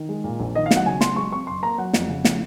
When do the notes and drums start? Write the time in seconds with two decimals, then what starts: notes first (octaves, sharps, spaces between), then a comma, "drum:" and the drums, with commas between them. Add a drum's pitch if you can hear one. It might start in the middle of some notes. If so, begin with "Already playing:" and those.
Already playing: D#3
0.09 G#3
0.24 A#2
0.40 A#1
0.55 D#3 D#5
0.66 F5
0.71 F#3, drum: snare
0.76 F#5
0.85 C#3 G#5
1.01 F#3 C6, drum: snare
1.16 G#3 C#6
1.32 C4 C#6
1.47 F#1 C6
1.63 A#3 A#5
1.78 F#3 F#5
1.93 F2, drum: snare
2.09 C#3
2.25 F3, drum: snare